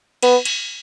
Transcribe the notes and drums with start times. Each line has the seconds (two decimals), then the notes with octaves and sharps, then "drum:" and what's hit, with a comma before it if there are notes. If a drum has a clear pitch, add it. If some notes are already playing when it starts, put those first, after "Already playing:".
0.23 B3, drum: cymbal
0.45 drum: cymbal